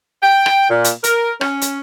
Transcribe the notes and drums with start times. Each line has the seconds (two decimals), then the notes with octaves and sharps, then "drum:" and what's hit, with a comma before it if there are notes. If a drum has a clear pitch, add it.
0.23 G5
0.46 drum: rim click
0.70 A#2
0.84 drum: hi-hat
1.04 A#4, drum: hi-hat
1.41 C#4, drum: rim click
1.61 drum: hi-hat